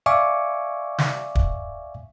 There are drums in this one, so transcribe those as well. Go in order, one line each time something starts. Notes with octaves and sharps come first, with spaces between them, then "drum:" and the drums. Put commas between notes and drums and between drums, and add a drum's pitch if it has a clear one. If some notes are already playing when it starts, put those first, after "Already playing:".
D5 E5 F5 G#5 C#6 D6
drum: snare
drum: kick